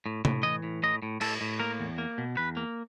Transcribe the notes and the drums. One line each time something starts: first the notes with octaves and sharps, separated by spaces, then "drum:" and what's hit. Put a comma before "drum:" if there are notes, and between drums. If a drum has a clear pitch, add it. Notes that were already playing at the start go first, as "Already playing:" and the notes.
A2
A2, drum: tom C3
E3 D#5
A2
A2 D#5
A2
A2 A4, drum: cymbal
A2
A#3 A#4
E2
A#3
B2
E2 B4
A#3